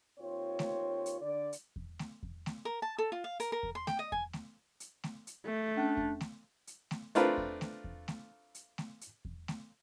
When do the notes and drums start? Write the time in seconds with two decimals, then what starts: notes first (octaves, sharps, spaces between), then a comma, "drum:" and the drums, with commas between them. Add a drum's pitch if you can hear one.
0.19 D#2 C4 F4 C#5
0.59 drum: snare A3
1.06 drum: hi-hat
1.21 D3 D5
1.53 drum: hi-hat
1.76 drum: kick E2
1.99 drum: snare A3
2.23 drum: kick E2
2.46 drum: snare A3
2.65 A#4
2.82 A5
2.98 A4
3.12 F4
3.24 F5
3.40 A#4, drum: hi-hat
3.52 A#4
3.63 drum: kick E2
3.75 C6
3.87 G5, drum: snare A3
3.99 D#5
4.12 G#5, drum: kick E2
4.33 drum: snare A3
4.80 drum: hi-hat
5.04 drum: snare A3
5.27 drum: hi-hat
5.46 A3
5.77 C#4 D4
5.97 drum: kick E2
6.21 drum: snare A3
6.67 drum: hi-hat
6.91 drum: snare A3
7.15 A3 C4 D4 F4 A#4 B4, drum: hi-hat
7.38 drum: kick E2
7.61 drum: snare A3
7.84 drum: kick E2
8.08 drum: snare A3
8.55 drum: hi-hat
8.78 drum: snare A3
9.01 drum: hi-hat
9.25 drum: kick E2
9.48 drum: snare A3